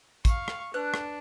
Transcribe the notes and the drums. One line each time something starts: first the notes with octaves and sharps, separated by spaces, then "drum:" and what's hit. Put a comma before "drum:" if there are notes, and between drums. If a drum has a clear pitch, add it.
F5 C#6, drum: kick, hi-hat
drum: rim click
D4 B4 F#6
drum: rim click